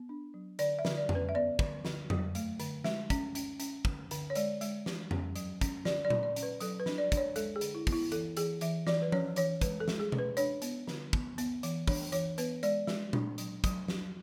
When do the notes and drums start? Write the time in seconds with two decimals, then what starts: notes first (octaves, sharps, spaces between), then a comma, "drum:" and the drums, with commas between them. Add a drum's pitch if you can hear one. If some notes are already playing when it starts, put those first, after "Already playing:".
Already playing: B3
0.09 D4
0.34 F#3
0.59 D3 D5, drum: hi-hat
0.79 E5
0.85 D3, drum: snare
0.98 D5
1.09 C#4, drum: tom F2
1.15 B4
1.29 E5
1.35 B3 D5
1.59 D3, drum: kick
1.85 D3, drum: snare
2.10 F#3, drum: tom F2
2.35 A3, drum: hi-hat
2.60 D3, drum: hi-hat
2.84 G#3 E5, drum: snare
3.10 C#4, drum: kick, hi-hat
3.35 C#4, drum: hi-hat
3.60 C#4, drum: hi-hat
3.85 D3, drum: kick
4.11 D3, drum: hi-hat
4.30 C#5
4.35 G#3 D5, drum: hi-hat
4.61 G#3, drum: hi-hat
4.86 E3, drum: snare
5.11 C#4, drum: tom F2
5.36 F#3, drum: hi-hat
5.61 C#4, drum: kick, hi-hat
5.85 D3 D5, drum: snare
6.05 D5
6.10 F#3, drum: tom A#2
6.23 D5
6.36 C#4, drum: hi-hat
6.43 B4
6.61 F#3 A4, drum: hi-hat
6.80 B4
6.86 D4, drum: snare
6.98 D5
7.12 D4, drum: kick, hi-hat
7.17 C#5
7.36 G#3 A4, drum: hi-hat
7.56 G#4
7.61 D3, drum: hi-hat
7.75 E4
7.87 B3, drum: kick, open hi-hat
7.93 E4
8.12 E3 A4, drum: hi-hat
8.37 E3 G#4, drum: hi-hat
8.61 E3 E5, drum: hi-hat
8.87 E3 D5, drum: snare
9.02 B4
9.12 C#4 C#5, drum: tom F3
9.36 E3 C#5, drum: hi-hat
9.61 G#3 B4, drum: kick, hi-hat
9.80 A4
9.88 G#3, drum: snare
10.00 G#4
10.12 C#4, drum: tom B2
10.19 B4
10.37 D4 C#5, drum: hi-hat
10.62 B3, drum: hi-hat
10.87 D3, drum: snare
11.13 B3, drum: kick
11.38 B3, drum: hi-hat
11.63 E3, drum: hi-hat
11.88 D4 C#5, drum: kick, open hi-hat
12.12 E3 C#5, drum: hi-hat
12.38 B3 B4, drum: hi-hat
12.63 G#3 D5, drum: hi-hat
12.87 G#3, drum: snare
13.13 D4, drum: tom A#2
13.38 F#3, drum: hi-hat
13.64 F#3, drum: kick, hi-hat
13.88 F#3, drum: snare